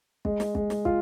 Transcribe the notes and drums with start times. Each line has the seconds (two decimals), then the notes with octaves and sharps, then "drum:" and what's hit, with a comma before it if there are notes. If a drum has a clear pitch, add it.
0.25 G#3, drum: kick
0.40 drum: snare
0.55 G#3, drum: kick
0.70 drum: snare
0.85 F4, drum: kick